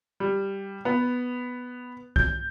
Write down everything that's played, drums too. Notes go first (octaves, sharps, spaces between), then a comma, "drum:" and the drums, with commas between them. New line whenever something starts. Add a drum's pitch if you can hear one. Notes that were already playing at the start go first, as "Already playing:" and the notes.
G3
B3
G6, drum: kick C2